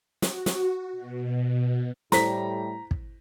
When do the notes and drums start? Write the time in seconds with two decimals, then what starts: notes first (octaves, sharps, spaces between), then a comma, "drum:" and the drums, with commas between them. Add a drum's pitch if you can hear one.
0.22 F#4, drum: snare
0.46 drum: snare
0.92 B2
2.12 A2 G3 E4 A4 C5 A#5 B6, drum: snare
2.91 drum: kick